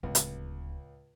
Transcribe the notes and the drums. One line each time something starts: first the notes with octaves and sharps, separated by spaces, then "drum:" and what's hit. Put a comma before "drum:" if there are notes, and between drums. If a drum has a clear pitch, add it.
D1 C#2
drum: hi-hat